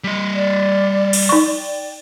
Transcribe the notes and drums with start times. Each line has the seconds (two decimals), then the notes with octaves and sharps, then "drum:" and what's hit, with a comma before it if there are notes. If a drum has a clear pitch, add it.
0.04 G3 D#5
0.34 D5
1.13 drum: cymbal
1.29 D#4 C#6
1.52 D5 G5